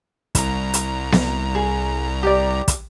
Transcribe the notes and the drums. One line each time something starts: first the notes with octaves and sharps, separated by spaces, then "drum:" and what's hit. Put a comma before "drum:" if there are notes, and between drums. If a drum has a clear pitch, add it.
C2 A#5, drum: kick, hi-hat
drum: hi-hat
drum: snare B3
G#4
G4 D5
drum: kick, hi-hat